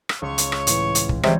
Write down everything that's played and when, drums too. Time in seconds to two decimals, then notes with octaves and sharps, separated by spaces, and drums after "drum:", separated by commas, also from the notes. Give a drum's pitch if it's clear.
0.09 drum: rim click
0.22 C#2 C#5 C#6
0.38 drum: hi-hat
0.52 drum: rim click
0.67 A2 E3, drum: hi-hat
0.95 drum: hi-hat
1.09 drum: kick
1.23 C3 E3 G3 G#3 C#5, drum: rim click